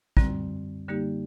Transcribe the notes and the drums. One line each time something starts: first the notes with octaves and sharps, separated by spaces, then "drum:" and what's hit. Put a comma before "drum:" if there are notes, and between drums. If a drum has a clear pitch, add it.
F#2 D3 G3 C4, drum: kick
D3 G3 A#3 D#4 G4